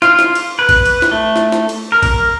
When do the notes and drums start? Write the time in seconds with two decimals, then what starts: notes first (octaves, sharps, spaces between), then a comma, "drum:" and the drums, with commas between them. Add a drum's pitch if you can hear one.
0.02 F4, drum: snare
0.19 drum: snare
0.35 drum: cymbal
0.59 B4
0.69 drum: kick A#1, cymbal
0.86 drum: cymbal
1.02 drum: snare
1.11 A3
1.36 drum: snare
1.52 drum: snare
1.69 drum: cymbal
1.92 A#4
2.02 drum: kick A#1, cymbal